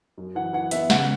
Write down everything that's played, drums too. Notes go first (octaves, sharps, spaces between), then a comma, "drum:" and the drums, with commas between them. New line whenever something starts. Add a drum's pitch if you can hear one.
F#2
E3 F#5
E3 F#5
B3 E5, drum: hi-hat
C#3 F#5, drum: snare